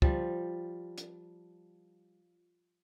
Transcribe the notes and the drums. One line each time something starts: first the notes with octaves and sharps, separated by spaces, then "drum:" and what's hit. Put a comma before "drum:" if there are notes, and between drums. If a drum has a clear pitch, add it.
F3 G3, drum: kick
drum: hi-hat